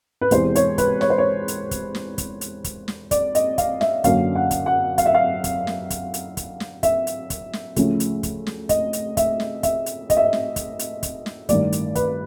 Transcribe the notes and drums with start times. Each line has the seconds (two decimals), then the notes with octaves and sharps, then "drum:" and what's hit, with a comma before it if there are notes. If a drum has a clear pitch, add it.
0.21 B4
0.31 E1 E2 C3 E3 C5, drum: kick, hi-hat
0.55 C#5, drum: hi-hat
0.78 B4, drum: kick, hi-hat
1.01 C#5, drum: snare
1.10 C5
1.18 C#5
1.48 drum: hi-hat
1.71 drum: kick, hi-hat
1.95 drum: snare
2.18 drum: kick, hi-hat
2.41 drum: hi-hat
2.64 drum: kick, hi-hat
2.88 drum: snare
3.11 D5, drum: kick, hi-hat
3.35 D#5, drum: hi-hat
3.58 F5, drum: kick, hi-hat
3.81 E5, drum: snare
4.04 F#2 D3 F#3 A#3 C#4 F5, drum: kick, hi-hat
4.35 F#5
4.51 drum: kick, hi-hat
4.66 F#5
4.98 F5, drum: kick, hi-hat
5.06 E5
5.15 F5
5.44 drum: kick, hi-hat
5.67 drum: snare
5.90 drum: kick, hi-hat
6.14 drum: hi-hat
6.37 drum: kick, hi-hat
6.60 drum: snare
6.83 E5, drum: kick, hi-hat
7.07 drum: hi-hat
7.30 drum: kick, hi-hat
7.53 drum: snare
7.76 D2 C#3 F3 A3 C#4, drum: kick, hi-hat
8.00 drum: hi-hat
8.23 drum: kick, hi-hat
8.47 drum: snare
8.69 D#5, drum: kick, hi-hat
8.93 drum: hi-hat
9.17 E5, drum: kick, hi-hat
9.40 drum: snare
9.63 E5, drum: kick, hi-hat
9.86 drum: hi-hat
10.10 D#5, drum: kick, hi-hat
10.17 E5
10.24 D#5
10.33 drum: snare
10.56 drum: kick, hi-hat
10.79 drum: hi-hat
11.03 drum: kick, hi-hat
11.26 drum: snare
11.49 A1 G2 D#3 D5, drum: kick, hi-hat
11.72 drum: hi-hat
11.95 B4, drum: kick, hi-hat